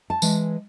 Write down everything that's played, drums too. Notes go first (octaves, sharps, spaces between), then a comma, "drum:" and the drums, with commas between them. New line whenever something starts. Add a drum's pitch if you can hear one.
A5
E3 G#3, drum: tambourine